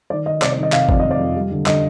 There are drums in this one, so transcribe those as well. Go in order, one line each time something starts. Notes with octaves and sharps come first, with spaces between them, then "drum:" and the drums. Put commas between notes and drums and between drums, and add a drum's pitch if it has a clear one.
D#3 D5
D#3 D#5
C3 D5, drum: clap
D5
D#3
D#5
C3 F5, drum: clap
F2 D5, drum: kick
F2 D#5
D5
F2
G3
D3
D3 D#5, drum: clap